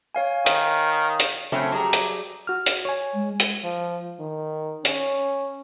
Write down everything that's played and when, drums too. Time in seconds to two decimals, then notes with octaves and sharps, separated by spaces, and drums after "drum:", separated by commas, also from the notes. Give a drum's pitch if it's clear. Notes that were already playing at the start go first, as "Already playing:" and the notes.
0.15 C#5 F5 G#5
0.46 D#3, drum: hi-hat
1.20 drum: hi-hat
1.52 C#3 F#3 A3 C4 C#4
1.72 F#3 G3 G#4 A#5
1.93 drum: hi-hat
2.47 F#4 F6
2.66 drum: hi-hat
2.85 C#5 G#5
3.14 G#3
3.40 drum: hi-hat
3.64 F3
4.20 D#3
4.85 C#4, drum: hi-hat